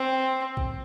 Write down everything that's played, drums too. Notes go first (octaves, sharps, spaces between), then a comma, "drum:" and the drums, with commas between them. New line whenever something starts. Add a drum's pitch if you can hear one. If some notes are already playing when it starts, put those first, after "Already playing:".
Already playing: C4
drum: kick A#1